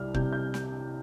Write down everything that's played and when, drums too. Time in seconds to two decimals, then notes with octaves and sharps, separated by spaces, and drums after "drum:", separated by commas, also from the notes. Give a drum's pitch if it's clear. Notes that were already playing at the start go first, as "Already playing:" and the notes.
Already playing: C2 G3 F6
0.14 C3 G6, drum: kick
0.33 G6
0.54 drum: snare